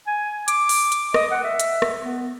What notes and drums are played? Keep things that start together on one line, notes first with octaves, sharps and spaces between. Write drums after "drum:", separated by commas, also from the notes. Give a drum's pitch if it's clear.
G#5
D6, drum: hi-hat
drum: open hi-hat
drum: hi-hat
D#5, drum: rim click
F#5
E5
drum: hi-hat
drum: rim click
B3